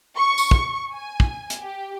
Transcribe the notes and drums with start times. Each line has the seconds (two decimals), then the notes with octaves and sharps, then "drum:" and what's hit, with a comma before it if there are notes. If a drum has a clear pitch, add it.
0.17 C#6
0.38 drum: tambourine
0.51 drum: kick
0.93 G#5
1.20 drum: kick
1.50 drum: hi-hat
1.61 G4